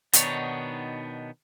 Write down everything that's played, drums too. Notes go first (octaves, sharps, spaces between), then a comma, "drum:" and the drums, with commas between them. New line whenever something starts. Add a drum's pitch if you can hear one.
B2 D#3 B3 D4 D#4 C#5, drum: hi-hat